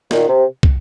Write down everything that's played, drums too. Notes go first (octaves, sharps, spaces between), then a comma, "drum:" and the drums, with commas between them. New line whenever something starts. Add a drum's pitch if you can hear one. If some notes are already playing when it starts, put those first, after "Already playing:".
A#2 D#3, drum: snare
C3
drum: kick